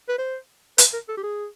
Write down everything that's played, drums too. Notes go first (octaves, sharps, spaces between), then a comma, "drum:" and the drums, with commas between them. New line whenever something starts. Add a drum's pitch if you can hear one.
B4
C5
B4, drum: hi-hat
A#4
A4
G4
G#4